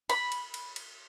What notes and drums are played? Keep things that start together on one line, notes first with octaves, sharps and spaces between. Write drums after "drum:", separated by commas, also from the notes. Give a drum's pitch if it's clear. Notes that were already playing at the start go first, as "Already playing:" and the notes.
B5, drum: cymbal
drum: cymbal
drum: cymbal
drum: cymbal